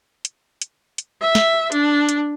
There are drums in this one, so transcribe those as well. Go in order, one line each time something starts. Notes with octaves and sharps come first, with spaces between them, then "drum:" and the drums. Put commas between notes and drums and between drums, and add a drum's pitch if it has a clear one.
drum: hi-hat
drum: hi-hat
drum: hi-hat
E5
drum: snare
D4, drum: hi-hat
drum: hi-hat